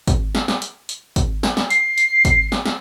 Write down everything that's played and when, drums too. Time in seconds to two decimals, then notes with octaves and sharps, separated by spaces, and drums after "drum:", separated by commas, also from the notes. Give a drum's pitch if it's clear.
0.07 drum: kick, hi-hat
0.35 drum: snare
0.48 drum: snare
0.62 drum: hi-hat
0.89 drum: hi-hat
1.16 drum: kick, hi-hat
1.43 drum: snare
1.57 drum: snare
1.70 C7, drum: hi-hat
1.98 drum: hi-hat
2.25 drum: kick, hi-hat
2.52 drum: snare
2.66 drum: snare